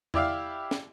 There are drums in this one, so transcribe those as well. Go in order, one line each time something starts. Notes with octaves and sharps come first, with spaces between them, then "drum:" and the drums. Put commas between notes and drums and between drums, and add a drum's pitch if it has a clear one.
E4 G4 D5 E5 F5, drum: tom E2
drum: snare